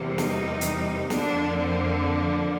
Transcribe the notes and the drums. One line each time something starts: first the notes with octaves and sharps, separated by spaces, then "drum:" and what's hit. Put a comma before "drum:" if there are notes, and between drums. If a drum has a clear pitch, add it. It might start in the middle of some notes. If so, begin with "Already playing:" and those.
Already playing: E2 C3 E3 G3 A#3
D#4, drum: snare
drum: hi-hat
F2 D3 F3 A#3 D4, drum: snare
C4